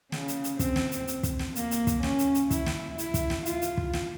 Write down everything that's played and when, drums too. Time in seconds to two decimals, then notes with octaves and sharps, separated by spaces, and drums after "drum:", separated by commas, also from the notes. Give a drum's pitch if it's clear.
0.12 C#3, drum: snare
0.28 drum: hi-hat
0.44 drum: hi-hat
0.59 C4, drum: kick, hi-hat
0.76 drum: snare
0.92 drum: hi-hat
1.07 drum: hi-hat
1.23 drum: kick, hi-hat
1.39 drum: snare
1.55 A#3, drum: hi-hat
1.71 drum: hi-hat
1.87 drum: kick, hi-hat
2.03 C#4, drum: snare
2.19 drum: hi-hat
2.35 drum: hi-hat
2.51 E4, drum: kick, hi-hat
2.66 drum: snare
2.98 E4, drum: hi-hat
3.14 drum: kick, hi-hat
3.30 drum: snare
3.46 F4, drum: hi-hat
3.62 drum: hi-hat
3.77 drum: kick
3.93 drum: snare